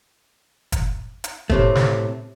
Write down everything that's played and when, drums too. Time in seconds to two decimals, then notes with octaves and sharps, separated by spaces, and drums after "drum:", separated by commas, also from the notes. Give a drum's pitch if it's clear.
0.72 drum: kick, hi-hat
1.24 drum: hi-hat
1.50 A2 C3 A3, drum: kick
1.75 drum: snare